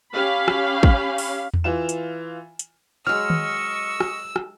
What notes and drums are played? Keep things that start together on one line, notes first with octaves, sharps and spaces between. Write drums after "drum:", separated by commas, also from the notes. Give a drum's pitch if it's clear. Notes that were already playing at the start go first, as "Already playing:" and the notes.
C#4 G4 F5 B5
drum: rim click
drum: kick
drum: open hi-hat
drum: tom E2
E3 F4 E7
drum: hi-hat
drum: hi-hat
F#3 G#3 D#5 C#6 E6 F6
drum: tom D#3
drum: rim click
drum: rim click